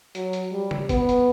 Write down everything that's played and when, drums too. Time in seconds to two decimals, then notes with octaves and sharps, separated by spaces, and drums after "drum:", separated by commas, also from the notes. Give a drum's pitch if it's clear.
0.15 F#3, drum: hi-hat
0.33 drum: hi-hat
0.52 G3
0.71 drum: tom
0.89 B3, drum: kick, hi-hat
1.09 drum: hi-hat